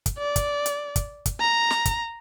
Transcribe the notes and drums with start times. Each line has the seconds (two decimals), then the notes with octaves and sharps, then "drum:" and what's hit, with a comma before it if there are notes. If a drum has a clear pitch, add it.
0.06 drum: kick, hi-hat
0.19 D5
0.36 drum: kick, hi-hat
0.66 drum: hi-hat
0.96 drum: kick, hi-hat
1.26 drum: kick, hi-hat
1.41 A#5
1.70 drum: snare
1.85 drum: kick, hi-hat